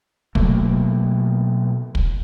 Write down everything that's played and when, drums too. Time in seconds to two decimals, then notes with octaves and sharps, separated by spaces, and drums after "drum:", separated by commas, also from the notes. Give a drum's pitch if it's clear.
0.35 B2 F#3 A3 A#3, drum: kick
1.95 drum: kick